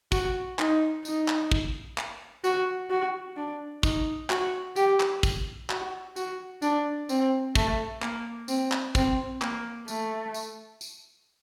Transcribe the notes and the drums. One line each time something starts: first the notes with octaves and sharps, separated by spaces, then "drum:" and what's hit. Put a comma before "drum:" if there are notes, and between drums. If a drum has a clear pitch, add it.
F#4, drum: kick, tambourine
D#4, drum: clap
D#4, drum: tambourine
drum: clap
drum: kick
drum: clap
F#4, drum: tambourine
F#4
D4
D#4, drum: kick, tambourine
F#4, drum: clap
G4, drum: tambourine
drum: clap
drum: kick, tambourine
F#4, drum: clap
F#4, drum: tambourine
D4, drum: tambourine
C4, drum: tambourine
A3, drum: kick, tambourine
A#3, drum: clap
C4, drum: tambourine
drum: clap
C4, drum: kick, tambourine
A#3, drum: clap
A3, drum: tambourine
drum: tambourine
drum: tambourine